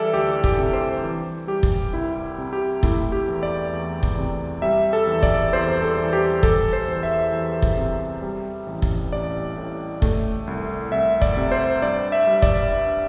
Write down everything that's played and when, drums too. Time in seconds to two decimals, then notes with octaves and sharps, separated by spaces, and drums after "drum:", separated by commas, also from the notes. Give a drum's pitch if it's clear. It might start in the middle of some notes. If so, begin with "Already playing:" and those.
Already playing: E3 G3 A4 D5 E5
0.14 D2 G4
0.44 G4, drum: kick
0.58 C3
0.73 C5
1.04 E3
1.47 G3 G4
1.63 drum: kick
1.93 C2 E4
2.38 C3
2.53 G4
2.83 A3 E4, drum: kick
3.12 G4
3.28 E2
3.43 D5
3.73 E2
4.03 drum: kick
4.18 C3
4.62 G3 E5
4.93 A4
5.07 E2
5.23 D5, drum: kick
5.52 E2 C5
5.82 A4
5.97 E3
6.13 G4
6.43 G3 A4, drum: kick
6.73 C5
6.88 E2
7.03 E5
7.32 E2
7.62 drum: kick
7.77 C3
8.22 G3
8.67 A1
8.82 drum: kick
9.12 A1 D5
9.57 A2
10.02 A3, drum: kick
10.47 C2
10.92 C2 E5
11.22 D5, drum: kick
11.37 C3
11.51 C5
11.82 G2 D5
12.12 E5
12.27 G3
12.42 D5, drum: kick
12.72 G2